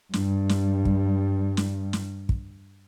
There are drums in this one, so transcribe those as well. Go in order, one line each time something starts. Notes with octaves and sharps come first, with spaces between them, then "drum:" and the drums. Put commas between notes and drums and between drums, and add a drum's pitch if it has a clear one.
G2 G3, drum: snare
drum: snare
drum: kick
drum: snare
drum: snare
drum: kick